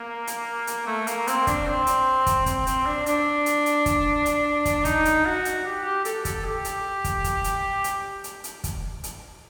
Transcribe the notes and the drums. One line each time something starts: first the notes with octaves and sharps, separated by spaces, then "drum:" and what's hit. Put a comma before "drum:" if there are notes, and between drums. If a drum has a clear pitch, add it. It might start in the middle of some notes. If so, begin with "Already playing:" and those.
Already playing: A#3
drum: hi-hat
drum: hi-hat
A3
A#3, drum: hi-hat
C4, drum: hi-hat
D4, drum: kick, hi-hat
C4
drum: hi-hat
drum: kick, hi-hat
C4, drum: kick, hi-hat
C4, drum: hi-hat
D4
D4, drum: hi-hat
drum: hi-hat
drum: hi-hat
drum: kick, hi-hat
drum: hi-hat
drum: kick, hi-hat
D#4, drum: kick, hi-hat
drum: hi-hat
F#4
drum: hi-hat
G4
G4
A4, drum: hi-hat
A4, drum: kick, hi-hat
G4
drum: hi-hat
drum: kick, hi-hat
drum: kick, hi-hat
drum: hi-hat
drum: hi-hat
drum: hi-hat
drum: hi-hat
drum: kick, hi-hat
drum: hi-hat